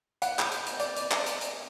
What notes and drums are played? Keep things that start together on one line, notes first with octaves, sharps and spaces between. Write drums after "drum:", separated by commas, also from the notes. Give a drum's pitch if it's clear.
F#5, drum: hi-hat
G6, drum: clap
drum: hi-hat
drum: hi-hat
D5, drum: hi-hat
drum: hi-hat
drum: clap
drum: hi-hat
drum: hi-hat